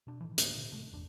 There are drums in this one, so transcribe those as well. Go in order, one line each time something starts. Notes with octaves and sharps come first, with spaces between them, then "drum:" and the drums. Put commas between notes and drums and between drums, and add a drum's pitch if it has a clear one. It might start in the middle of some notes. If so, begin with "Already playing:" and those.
B2 D4
A2 D#3 E3
D2 G#2 A#3, drum: hi-hat
A#2 D3
A2 C3 G#3 A3
G1 E2 D4